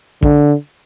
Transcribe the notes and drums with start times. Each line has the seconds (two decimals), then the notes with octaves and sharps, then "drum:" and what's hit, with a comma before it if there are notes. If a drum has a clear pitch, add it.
0.23 D3, drum: kick